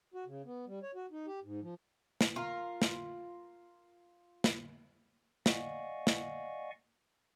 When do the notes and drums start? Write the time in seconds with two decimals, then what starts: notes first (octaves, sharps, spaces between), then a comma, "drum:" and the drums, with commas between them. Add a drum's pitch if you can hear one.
0.14 F#4
0.26 C#3
0.45 B3
0.67 G3
0.83 C#5
0.95 F#4
1.11 D#4
1.27 G4
1.44 G#2
1.62 F3
2.21 drum: snare
2.36 F4 A#4
2.82 drum: snare
4.44 drum: snare
5.46 D5 D#5 F5 F#5 G#5 C#6, drum: snare
6.07 drum: snare